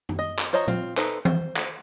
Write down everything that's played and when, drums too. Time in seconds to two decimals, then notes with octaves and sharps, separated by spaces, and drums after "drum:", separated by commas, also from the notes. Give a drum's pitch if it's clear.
0.09 drum: tom F#2
0.19 D#5
0.38 drum: clap
0.53 F4 C5 C#5 D#5 A#5
0.68 C4 F4, drum: tom
0.97 D#4 A4 B4 C5, drum: clap
1.25 C5, drum: tom E3
1.56 drum: clap